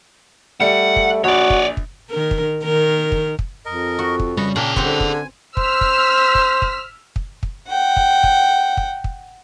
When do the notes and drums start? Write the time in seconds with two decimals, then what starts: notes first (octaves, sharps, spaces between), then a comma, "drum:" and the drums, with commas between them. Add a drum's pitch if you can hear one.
0.60 G3 A3 F#5 C#7
0.96 drum: kick
1.24 A#1 F#4 C#5 D5
1.50 drum: kick
1.77 drum: kick
2.10 D#3 A#4
2.31 drum: kick
2.64 D#3 A#4
3.12 drum: kick
3.39 drum: kick
3.66 F2 A#4 D#5
3.99 F#4
4.20 drum: kick
4.37 C#3 G3 B4 D#5 C#6
4.56 A#2 D4 G#4 A#4 G5
4.76 D3 G3 C4 B4 C5 F#5, drum: kick
5.00 drum: kick
5.13 G#5
5.57 C5 E6 F6 B6, drum: kick
5.81 drum: kick
6.35 drum: kick
6.62 drum: kick
7.16 drum: kick
7.43 drum: kick
7.68 F#5 G5
7.97 drum: kick
8.24 drum: kick
8.77 drum: kick
9.04 drum: kick